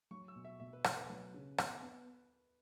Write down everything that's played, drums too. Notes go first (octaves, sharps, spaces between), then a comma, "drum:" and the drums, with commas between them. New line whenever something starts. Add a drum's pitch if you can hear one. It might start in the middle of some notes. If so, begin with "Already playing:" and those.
F#3 C#6
E6
B2
E5
B2 E5
B4
B2 A4, drum: rim click
B4
F#3 B4
C#3
B3, drum: rim click
B3